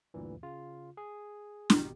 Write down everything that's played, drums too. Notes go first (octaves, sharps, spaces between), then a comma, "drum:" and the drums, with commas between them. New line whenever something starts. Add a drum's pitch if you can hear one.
D2 G2 A#2 E3
C#3 F4
G#4
G#1 B2 G4, drum: snare